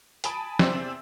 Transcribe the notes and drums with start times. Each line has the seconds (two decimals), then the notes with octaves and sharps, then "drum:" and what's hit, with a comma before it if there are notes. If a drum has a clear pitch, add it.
0.24 G#5 A5 B5 D#6 D7, drum: hi-hat
0.59 E2 C3 C4 C5 D5 E6, drum: snare